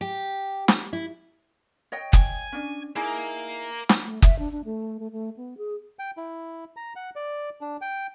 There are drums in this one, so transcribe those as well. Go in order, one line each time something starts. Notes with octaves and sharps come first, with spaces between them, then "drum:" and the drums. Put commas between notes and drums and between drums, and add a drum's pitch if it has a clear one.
G4
drum: snare
E4
C#5 D#5 G5
G#5, drum: kick
C#4 D4
A#3 D#4 E4 G#4
drum: snare
A3
E5, drum: kick
D4
D4
A3
A3
A3
B3
G#4
G5
E4
A#5
F#5
D5
D4
G5